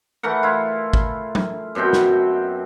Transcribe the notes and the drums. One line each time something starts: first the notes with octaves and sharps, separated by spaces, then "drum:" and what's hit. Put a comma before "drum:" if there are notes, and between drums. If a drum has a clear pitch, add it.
E3 A3 A#4 F#5
E4 F4
drum: kick
drum: tom F#3
F#2 B2 C4 G5
drum: snare